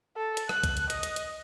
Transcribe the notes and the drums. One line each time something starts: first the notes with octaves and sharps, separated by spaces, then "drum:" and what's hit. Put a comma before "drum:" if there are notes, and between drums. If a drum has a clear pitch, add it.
A4
drum: hi-hat
F#6, drum: rim click
drum: kick C2, hi-hat
drum: hi-hat
D#5, drum: hi-hat
drum: hi-hat
drum: hi-hat